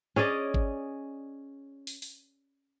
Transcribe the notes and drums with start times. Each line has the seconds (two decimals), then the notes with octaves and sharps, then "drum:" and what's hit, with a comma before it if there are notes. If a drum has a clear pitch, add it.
0.16 C#4 G#4 D5 D#5
0.54 drum: kick G#1
1.87 drum: open hi-hat
2.02 drum: open hi-hat